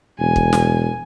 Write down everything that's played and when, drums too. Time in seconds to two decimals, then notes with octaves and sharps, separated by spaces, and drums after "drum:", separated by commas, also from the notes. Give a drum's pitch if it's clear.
0.19 E1 G#5
0.36 drum: kick
0.53 drum: snare